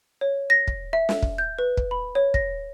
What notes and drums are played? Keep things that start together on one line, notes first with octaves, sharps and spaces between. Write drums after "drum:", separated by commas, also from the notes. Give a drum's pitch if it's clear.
C#5
A#6
drum: kick
E5
drum: snare
drum: kick
G6
B4
drum: kick
B5
C#5
A#6, drum: kick